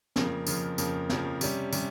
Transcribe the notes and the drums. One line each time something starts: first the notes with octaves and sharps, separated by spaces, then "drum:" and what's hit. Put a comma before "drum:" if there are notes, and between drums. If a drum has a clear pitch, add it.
F2 C#3 F3 A#3, drum: snare
F2 C#3 F3 A#3, drum: tambourine
F2 C#3 F3 A#3, drum: tambourine
F2 C#3 F3 A#3, drum: snare
C3 G3 C#4, drum: tambourine
C3 G3 C#4, drum: tambourine